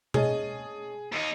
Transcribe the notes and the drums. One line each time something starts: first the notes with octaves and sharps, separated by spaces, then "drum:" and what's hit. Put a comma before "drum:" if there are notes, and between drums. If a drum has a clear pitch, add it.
C#4 G#4 D#5 A5, drum: tom B2
D#2 D#4